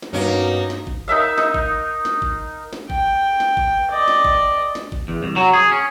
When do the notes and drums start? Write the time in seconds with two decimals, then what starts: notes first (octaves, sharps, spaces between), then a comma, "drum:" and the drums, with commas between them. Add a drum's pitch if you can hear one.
0.02 drum: snare
0.13 G2 B2 A#3 C#4 D#4
0.70 drum: snare
0.87 drum: kick
1.08 D#4 A#4 E5 F5
1.38 D#4, drum: snare
1.54 drum: kick
2.05 drum: snare
2.22 drum: kick
2.73 drum: snare
2.90 G5, drum: kick
3.40 drum: snare
3.57 drum: kick
3.90 D5 D#5
4.08 drum: snare
4.25 drum: kick
4.75 drum: snare
4.92 drum: kick
5.08 E2
5.23 C2
5.36 F#3
5.53 G#4
5.72 C#4